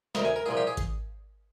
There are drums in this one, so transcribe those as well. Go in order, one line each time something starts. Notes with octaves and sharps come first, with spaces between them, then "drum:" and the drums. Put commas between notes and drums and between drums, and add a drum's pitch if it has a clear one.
D2 C3 D#3 A#5, drum: snare
G#5
A#4
C2 A#2 F3 G#4
G4
G#4
drum: kick G#1, hi-hat